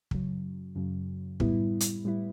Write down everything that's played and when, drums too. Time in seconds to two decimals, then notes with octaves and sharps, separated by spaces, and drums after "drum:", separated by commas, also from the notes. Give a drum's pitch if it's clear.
0.11 F#2 C#3 F#3, drum: kick
0.75 F#2 C#3 F#3
1.40 A2 G3 B3 E4, drum: kick
1.80 drum: hi-hat
2.04 A2 G3 B3 E4